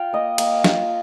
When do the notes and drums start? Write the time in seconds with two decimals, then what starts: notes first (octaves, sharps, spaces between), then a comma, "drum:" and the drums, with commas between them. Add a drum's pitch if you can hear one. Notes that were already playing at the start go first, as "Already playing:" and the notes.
Already playing: F4 F5 G5
0.13 A#3 D#5
0.38 A#3, drum: cymbal
0.64 F4, drum: snare